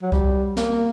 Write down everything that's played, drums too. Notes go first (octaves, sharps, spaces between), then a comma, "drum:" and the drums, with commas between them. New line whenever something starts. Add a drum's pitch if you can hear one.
F#3
G3, drum: kick C2
A#3, drum: snare